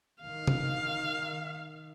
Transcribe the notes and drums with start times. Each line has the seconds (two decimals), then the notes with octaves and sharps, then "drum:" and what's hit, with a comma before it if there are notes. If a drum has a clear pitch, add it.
0.21 D#3 F5
0.47 drum: tom